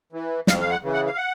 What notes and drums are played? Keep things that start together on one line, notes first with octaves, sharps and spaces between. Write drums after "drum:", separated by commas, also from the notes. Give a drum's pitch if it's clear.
E3
F2 F5, drum: snare
F5
F#5
C#3 E3
F#5
F5
F#5